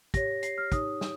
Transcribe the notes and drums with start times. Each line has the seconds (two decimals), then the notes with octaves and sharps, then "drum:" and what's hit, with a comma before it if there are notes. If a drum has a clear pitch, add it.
0.14 G4 C#5 A#6, drum: kick, hi-hat
0.43 C7, drum: hi-hat
0.58 F6
0.72 D#4 G4 C#5 D#6, drum: kick, hi-hat
1.01 drum: snare